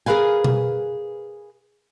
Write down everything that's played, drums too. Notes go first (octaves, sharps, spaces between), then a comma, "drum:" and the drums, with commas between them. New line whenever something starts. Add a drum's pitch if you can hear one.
G#4 A#4 B4 F5 G#5
drum: tom B2